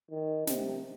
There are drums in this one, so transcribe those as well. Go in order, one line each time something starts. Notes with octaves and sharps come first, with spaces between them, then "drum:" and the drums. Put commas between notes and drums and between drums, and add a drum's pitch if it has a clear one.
D#3
C3, drum: snare